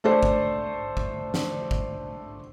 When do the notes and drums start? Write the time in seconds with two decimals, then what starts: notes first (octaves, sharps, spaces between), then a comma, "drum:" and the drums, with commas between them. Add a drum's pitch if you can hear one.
0.04 A3 D4 A4 C5
0.23 drum: kick
0.97 drum: kick
1.34 drum: snare
1.71 drum: kick